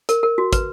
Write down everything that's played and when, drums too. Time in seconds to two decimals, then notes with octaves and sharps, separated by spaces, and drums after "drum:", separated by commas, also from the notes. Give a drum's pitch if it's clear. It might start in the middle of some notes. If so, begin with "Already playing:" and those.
0.09 A#4, drum: hi-hat
0.23 A#4
0.38 F#4
0.53 B4, drum: kick, hi-hat